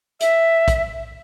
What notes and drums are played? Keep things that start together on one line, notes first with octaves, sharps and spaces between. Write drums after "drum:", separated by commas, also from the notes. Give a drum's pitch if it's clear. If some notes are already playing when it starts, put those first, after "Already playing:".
E5, drum: hi-hat
drum: kick, hi-hat